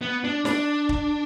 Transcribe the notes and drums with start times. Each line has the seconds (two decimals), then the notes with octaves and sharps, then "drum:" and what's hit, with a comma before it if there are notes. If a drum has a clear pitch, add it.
0.01 B3
0.24 D4
0.45 D4, drum: snare
0.89 drum: kick